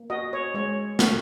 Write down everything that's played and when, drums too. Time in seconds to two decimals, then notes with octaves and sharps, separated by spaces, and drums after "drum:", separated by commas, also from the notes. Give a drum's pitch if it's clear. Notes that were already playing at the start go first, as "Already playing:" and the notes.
Already playing: A#3
0.10 F#4 D#5
0.33 C#5
0.54 G#3 C#5
0.99 F#4, drum: snare